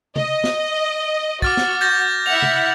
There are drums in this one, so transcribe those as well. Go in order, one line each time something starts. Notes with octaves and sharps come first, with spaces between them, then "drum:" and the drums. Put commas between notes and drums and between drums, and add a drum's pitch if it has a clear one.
D#5, drum: tom C3
drum: snare
F#4 D6 F6 A6, drum: kick
drum: snare
G6 A6 A#6
E4 E5 F#5 F7
drum: tom C3